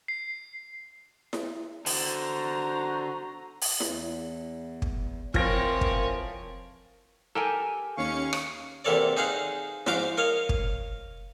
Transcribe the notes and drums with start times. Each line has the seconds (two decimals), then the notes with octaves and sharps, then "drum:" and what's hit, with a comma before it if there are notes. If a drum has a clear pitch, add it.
0.08 C7
1.33 drum: snare E4
1.86 D3 F#4 C5 A#5, drum: open hi-hat
3.61 drum: open hi-hat
3.80 E2, drum: snare E4
4.82 drum: kick
5.34 E3 F3 C4 A#4 C#5 G#5 A#6 D7, drum: kick
5.81 drum: kick
7.35 G4 A4 A#4 G5 G#5
7.97 D#2 C#4 F5 C#6 C#7
8.33 drum: rim click
8.85 E2 C3 A#3 A4 C#5 D5
9.17 D#4 G#4 C5 F5 F#5
9.86 G#2 F3 F#4 C5 F5 D6, drum: snare E4
10.17 A#4 C#5 D#5 F5
10.49 drum: kick